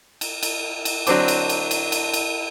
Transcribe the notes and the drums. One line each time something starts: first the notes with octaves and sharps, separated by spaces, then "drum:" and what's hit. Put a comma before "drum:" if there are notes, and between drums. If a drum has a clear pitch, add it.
drum: cymbal
drum: cymbal
drum: cymbal
D3 F#3 C4 D4 C5 D6, drum: cymbal
drum: cymbal
drum: cymbal
drum: cymbal
drum: cymbal
drum: cymbal